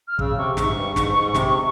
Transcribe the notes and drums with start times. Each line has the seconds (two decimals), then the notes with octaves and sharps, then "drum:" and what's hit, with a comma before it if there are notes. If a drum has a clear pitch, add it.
0.07 F6
0.19 C#3 E6, drum: kick
0.37 C3 C#6
0.57 G#2 C#6, drum: snare
0.76 G2
0.96 G#2, drum: snare
1.15 G#2
1.35 C3, drum: snare